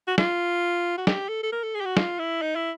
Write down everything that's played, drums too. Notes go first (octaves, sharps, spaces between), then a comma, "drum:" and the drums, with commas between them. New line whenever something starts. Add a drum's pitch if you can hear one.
F#4
F4, drum: snare
F#4
G4, drum: snare
A4
A4
A#4
A4
G#4
G4
F#4
F4, drum: snare
E4
D#4
E4